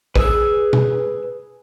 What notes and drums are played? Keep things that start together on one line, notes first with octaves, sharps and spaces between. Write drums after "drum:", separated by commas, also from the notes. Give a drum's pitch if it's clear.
G#4 B4 E6, drum: kick
drum: tom